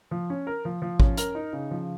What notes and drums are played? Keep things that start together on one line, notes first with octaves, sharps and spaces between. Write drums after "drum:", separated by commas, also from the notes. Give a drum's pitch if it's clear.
F3
C#4
A#4
F3
F3
C#4, drum: kick
A#4, drum: hi-hat
D#4
C#3
F3